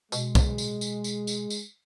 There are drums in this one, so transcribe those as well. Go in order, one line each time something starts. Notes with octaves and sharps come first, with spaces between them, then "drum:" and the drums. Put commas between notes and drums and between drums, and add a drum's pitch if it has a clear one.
B2 G#3, drum: tambourine
drum: kick, tambourine
drum: tambourine
drum: tambourine
drum: tambourine
drum: tambourine
drum: tambourine